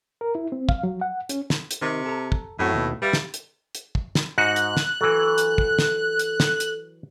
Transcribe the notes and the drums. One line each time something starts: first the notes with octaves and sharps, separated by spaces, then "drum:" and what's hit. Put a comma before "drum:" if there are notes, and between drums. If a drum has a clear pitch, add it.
A#4
E4
C4
F5, drum: kick
F#3
F#5
C#4, drum: hi-hat
drum: snare
drum: hi-hat
C3 D#3
A4 A#5
drum: kick
F#2 A2 C4 F#4
D#2 B2
G3 B4 E5 F5
drum: snare
drum: hi-hat
drum: hi-hat
drum: kick
drum: snare
G#2 D#4 F#4 F#6
drum: hi-hat
drum: snare
E3 F#3 A4
drum: hi-hat
drum: kick
drum: snare
drum: hi-hat
drum: snare
drum: hi-hat